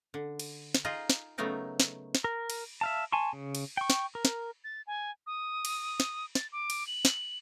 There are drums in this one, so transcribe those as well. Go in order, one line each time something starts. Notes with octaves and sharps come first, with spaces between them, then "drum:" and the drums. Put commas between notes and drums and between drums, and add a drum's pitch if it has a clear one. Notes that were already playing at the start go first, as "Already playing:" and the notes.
D3
drum: cymbal
drum: snare
D#4 F4 G#4 D#5
drum: snare
C#3 F#3 A3 B3 D#4 A#4
drum: snare
drum: snare
A#4
drum: cymbal
E5 F5 A5
G#5 A5 C6 C#6
C#3
drum: cymbal
G5 C#6
drum: snare
A#4
drum: snare
A6
G#5
D#6
drum: cymbal
drum: snare
A6, drum: snare
D6
drum: cymbal
F#7
drum: snare